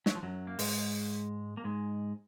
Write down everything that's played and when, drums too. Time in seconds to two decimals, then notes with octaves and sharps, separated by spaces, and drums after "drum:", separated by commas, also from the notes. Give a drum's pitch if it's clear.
0.06 F#3, drum: snare
0.15 F3
0.23 F#2 F#3
0.47 A#3
0.59 G#2 G#3, drum: open hi-hat
1.57 A#3
1.64 G#2 G#3